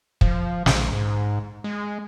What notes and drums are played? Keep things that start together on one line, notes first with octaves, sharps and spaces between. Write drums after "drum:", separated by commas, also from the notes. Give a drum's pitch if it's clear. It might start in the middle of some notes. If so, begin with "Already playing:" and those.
F3, drum: kick
A#1, drum: snare
G#2
G#3